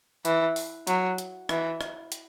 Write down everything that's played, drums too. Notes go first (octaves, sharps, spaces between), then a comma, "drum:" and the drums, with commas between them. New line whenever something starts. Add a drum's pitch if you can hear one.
E3, drum: hi-hat
drum: open hi-hat
F#3, drum: hi-hat
drum: hi-hat
E3, drum: rim click
drum: rim click
drum: hi-hat